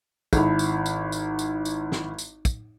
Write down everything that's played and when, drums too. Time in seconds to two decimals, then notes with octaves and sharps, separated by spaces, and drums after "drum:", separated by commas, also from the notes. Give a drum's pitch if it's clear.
0.33 G#1 E4, drum: kick, tambourine
0.59 drum: tambourine
0.86 drum: tambourine
1.12 drum: tambourine
1.39 drum: tambourine
1.65 drum: tambourine
1.92 drum: snare
2.18 drum: tambourine
2.45 drum: kick, tambourine